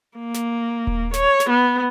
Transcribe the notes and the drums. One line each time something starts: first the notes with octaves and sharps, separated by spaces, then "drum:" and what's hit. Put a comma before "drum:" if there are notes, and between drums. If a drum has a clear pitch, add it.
A#3
drum: snare
drum: kick D#1
C#5, drum: snare
drum: snare
B3